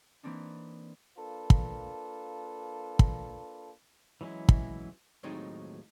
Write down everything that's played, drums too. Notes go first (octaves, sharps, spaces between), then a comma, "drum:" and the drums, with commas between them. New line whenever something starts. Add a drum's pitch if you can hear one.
E3 A#3 C4 D4 D#4
A#3 D4 F4 A4 B4
drum: kick
drum: kick
E3 F#3 G#3 C#4 E4
drum: kick
D#2 A2 F#3 G#3 C4 D#4